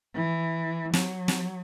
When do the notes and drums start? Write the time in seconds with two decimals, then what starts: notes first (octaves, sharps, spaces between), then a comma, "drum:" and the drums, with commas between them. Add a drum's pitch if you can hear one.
0.14 E3
0.93 F#3, drum: snare
1.28 drum: snare